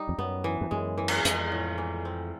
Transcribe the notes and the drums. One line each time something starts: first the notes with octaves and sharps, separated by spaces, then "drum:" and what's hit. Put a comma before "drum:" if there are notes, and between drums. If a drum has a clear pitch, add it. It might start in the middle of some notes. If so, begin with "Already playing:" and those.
Already playing: G3 D#4
F2
F#2 B3
E3
F2
F#2 G#3
E3
drum: cymbal
F2 G#3, drum: hi-hat
A2
E3
C4